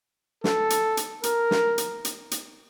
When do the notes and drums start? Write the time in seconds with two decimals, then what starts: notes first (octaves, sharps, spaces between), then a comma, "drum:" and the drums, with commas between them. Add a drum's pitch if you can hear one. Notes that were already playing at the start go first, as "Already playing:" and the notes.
0.44 A4, drum: snare
0.70 drum: hi-hat
0.97 drum: hi-hat
1.23 A#4, drum: hi-hat
1.51 drum: snare
1.78 drum: hi-hat
2.05 drum: hi-hat
2.31 drum: hi-hat